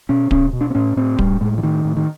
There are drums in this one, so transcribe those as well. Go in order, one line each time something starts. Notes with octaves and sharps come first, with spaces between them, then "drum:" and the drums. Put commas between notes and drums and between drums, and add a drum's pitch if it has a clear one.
B2 C#4
B2 C#4, drum: kick D1
B2
D4
C4
A2 C#4
A2 C4
A2 G3, drum: kick D1
A2 G#3
E3
A2 D#3
A2
D#3